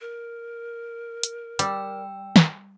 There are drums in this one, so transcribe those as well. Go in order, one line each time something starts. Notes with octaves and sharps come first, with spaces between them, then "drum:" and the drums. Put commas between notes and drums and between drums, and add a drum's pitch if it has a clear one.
A#4
drum: hi-hat
G3 G5 E6, drum: hi-hat
drum: snare